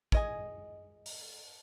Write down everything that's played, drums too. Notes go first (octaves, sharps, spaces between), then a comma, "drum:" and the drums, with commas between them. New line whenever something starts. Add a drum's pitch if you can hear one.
G#3 D#5 G#5, drum: kick
drum: open hi-hat